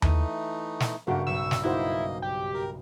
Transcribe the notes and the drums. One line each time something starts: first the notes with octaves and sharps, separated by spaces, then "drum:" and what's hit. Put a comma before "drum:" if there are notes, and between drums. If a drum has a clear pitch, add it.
E3 A3 D#4 D#7, drum: tom D#2
drum: snare
F#1 G2 A3 A#3 F#4 G4 A#4
B1 C#6 E6
drum: snare
A#3 D#4 E4 F#4 C5 D#5
G4
A#4